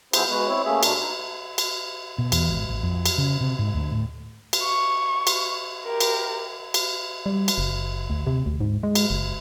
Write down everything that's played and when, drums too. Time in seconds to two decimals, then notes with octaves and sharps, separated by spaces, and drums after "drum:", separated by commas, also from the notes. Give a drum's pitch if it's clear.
0.13 F3 B3 E4 G#4 C5, drum: cymbal
0.29 G#3 B3 F#4 B4
0.47 C4 E4 C#5
0.65 A3 A#3 C#4 G#4 E5
0.83 B2 A3 D4 A#4, drum: cymbal
1.00 D#4
1.58 drum: cymbal
2.18 B2
2.32 E2, drum: cymbal
2.49 G#1
2.69 A1
2.83 F2
3.06 drum: cymbal
3.18 C#3
3.41 C3
3.59 G#2
3.74 D2
3.91 A2
4.53 drum: cymbal
4.63 C#6
5.27 drum: cymbal
5.85 G4 A#4
6.00 drum: cymbal
6.74 drum: cymbal
7.26 G3
7.48 drum: cymbal
7.58 F#1
8.10 D2
8.27 C3
8.46 D2
8.61 G#2
8.83 G#3
8.95 drum: cymbal
9.10 F#1